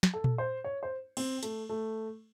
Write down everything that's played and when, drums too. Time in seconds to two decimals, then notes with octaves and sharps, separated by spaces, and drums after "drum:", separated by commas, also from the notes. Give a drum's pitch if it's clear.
0.03 drum: snare
0.14 A4
0.24 drum: tom A#2
0.38 C5
0.64 C#5
0.83 C5
1.17 C4, drum: cymbal
1.43 A3, drum: hi-hat
1.69 A3